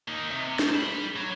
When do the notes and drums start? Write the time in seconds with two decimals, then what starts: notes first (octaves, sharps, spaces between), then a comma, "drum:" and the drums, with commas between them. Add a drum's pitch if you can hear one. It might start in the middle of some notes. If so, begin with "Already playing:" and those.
0.08 A#3 D#4
0.31 C3
0.59 A3 C5, drum: snare
0.77 G4 B5
1.16 F#4 C#5